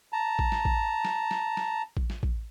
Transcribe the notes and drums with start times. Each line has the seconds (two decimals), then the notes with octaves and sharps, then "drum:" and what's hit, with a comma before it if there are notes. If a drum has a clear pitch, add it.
0.13 A5 A#5
0.39 drum: kick
0.52 drum: snare
0.65 drum: kick
1.05 drum: snare
1.31 drum: snare
1.57 drum: snare
1.97 drum: kick
2.10 drum: snare
2.23 drum: kick